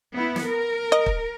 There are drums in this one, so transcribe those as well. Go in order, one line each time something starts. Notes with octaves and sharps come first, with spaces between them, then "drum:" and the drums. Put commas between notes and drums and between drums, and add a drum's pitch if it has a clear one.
B3 E4
drum: snare
A#4
D#5
drum: kick